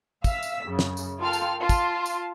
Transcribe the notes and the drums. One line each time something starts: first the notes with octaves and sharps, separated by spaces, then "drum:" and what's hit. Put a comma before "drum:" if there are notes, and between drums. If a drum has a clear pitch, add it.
E5 F5 E6 B6, drum: kick, tambourine
drum: tambourine
F#2 C#3
drum: snare
drum: tambourine
F4 A4 A#4 F5 G5 F6
drum: tambourine
F4 A5
drum: kick, tambourine
drum: tambourine